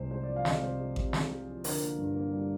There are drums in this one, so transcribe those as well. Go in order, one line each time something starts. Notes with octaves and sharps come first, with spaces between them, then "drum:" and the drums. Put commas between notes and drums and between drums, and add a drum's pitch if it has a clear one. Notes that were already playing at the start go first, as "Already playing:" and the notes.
Already playing: C2 C3 G#3 C5
G#3 C5
F3 D5
F5
C3 D#5, drum: snare
C3 C5
G#3
C3, drum: kick A1
C3, drum: snare
G#3
F3
D3 A#4, drum: open hi-hat
A#3
G2
A#3
G3